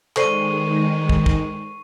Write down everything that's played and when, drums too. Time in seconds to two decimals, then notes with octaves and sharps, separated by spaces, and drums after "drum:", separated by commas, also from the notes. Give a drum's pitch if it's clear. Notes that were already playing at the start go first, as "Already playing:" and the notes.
0.16 D#3 G#3 A4 C5 D5 C#6 C7 D#7, drum: clap
1.09 drum: kick
1.26 drum: kick